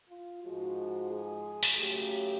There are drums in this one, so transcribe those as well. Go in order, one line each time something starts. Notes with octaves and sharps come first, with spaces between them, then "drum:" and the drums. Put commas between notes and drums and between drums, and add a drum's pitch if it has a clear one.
F4
G#2 F3 G#3 F#4
G#4
drum: open hi-hat
F#2 C#3 F#3 A3 G4